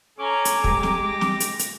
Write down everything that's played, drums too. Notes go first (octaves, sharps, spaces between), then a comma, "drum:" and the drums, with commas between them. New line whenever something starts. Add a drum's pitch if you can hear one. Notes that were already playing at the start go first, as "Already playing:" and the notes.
C#4 A4 G#5 A#5 D6
drum: hi-hat
G#3 G4, drum: kick
drum: snare
A#6
drum: snare
drum: hi-hat
drum: hi-hat